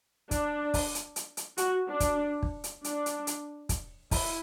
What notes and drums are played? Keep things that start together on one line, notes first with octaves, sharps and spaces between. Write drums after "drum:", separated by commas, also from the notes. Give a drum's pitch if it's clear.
D4, drum: kick, hi-hat
drum: kick, open hi-hat
drum: hi-hat
drum: hi-hat
drum: hi-hat
F#4, drum: hi-hat
D4
drum: kick, hi-hat
drum: kick
drum: hi-hat
D4, drum: hi-hat
drum: hi-hat
drum: hi-hat
drum: kick, hi-hat
E4, drum: kick, open hi-hat